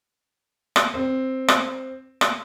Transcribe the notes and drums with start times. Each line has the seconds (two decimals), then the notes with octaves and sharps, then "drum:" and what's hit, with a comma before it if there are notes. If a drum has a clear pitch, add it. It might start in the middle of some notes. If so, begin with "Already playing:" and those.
0.76 drum: rim click
0.94 C4
1.48 drum: rim click
2.21 drum: rim click